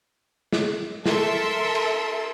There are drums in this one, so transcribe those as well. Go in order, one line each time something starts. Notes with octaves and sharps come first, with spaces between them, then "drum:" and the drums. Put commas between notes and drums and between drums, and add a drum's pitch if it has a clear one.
drum: snare
A4 A#4 E5 C6, drum: snare
drum: cymbal